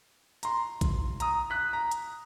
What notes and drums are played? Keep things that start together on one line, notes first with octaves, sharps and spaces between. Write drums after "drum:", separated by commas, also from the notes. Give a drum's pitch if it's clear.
A#5 C6, drum: hi-hat
drum: kick A#1, hi-hat
A#5 D#6, drum: hi-hat
F#6 B6
A#5
drum: hi-hat